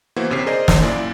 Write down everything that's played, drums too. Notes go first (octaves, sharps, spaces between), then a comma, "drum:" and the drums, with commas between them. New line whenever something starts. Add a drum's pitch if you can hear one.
E3 A#3 B3 E4 F#4 C5
G1 C3 C#4 C7
G#4 A#4 C5 D5 D#5
drum: snare
F#2 A#2 E4 D5